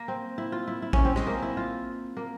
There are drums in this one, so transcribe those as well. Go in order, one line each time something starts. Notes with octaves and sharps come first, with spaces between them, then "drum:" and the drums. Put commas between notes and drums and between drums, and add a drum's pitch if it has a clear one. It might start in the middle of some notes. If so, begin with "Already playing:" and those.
Already playing: A#3
C4
E4
F4
E4
E4
C#4, drum: kick A1
C4
G#3, drum: rim click
A#3
E4
F4
A#3